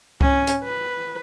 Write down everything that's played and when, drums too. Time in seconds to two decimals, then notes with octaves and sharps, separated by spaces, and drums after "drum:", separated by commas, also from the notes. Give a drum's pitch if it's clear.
0.21 C#4, drum: kick C2
0.47 drum: hi-hat
0.63 B4